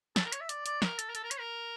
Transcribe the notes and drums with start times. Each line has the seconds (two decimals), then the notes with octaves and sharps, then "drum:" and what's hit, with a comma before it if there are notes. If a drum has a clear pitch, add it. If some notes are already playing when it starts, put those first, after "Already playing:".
0.16 A4, drum: snare
0.25 A#4
0.32 C#5, drum: hi-hat
0.41 E5
0.49 D5, drum: hi-hat
0.66 D5, drum: hi-hat
0.82 A#4, drum: snare
0.99 A4, drum: hi-hat
1.09 A#4
1.15 A4, drum: hi-hat
1.23 A#4
1.31 C#5, drum: hi-hat
1.39 A#4